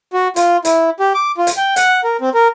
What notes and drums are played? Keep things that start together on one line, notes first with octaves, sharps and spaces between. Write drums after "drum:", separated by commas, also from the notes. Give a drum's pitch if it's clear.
F#4
F4, drum: hi-hat
E4, drum: hi-hat
G4
D6
F4
drum: hi-hat
G5
F#5, drum: hi-hat
A#4
C4
A#4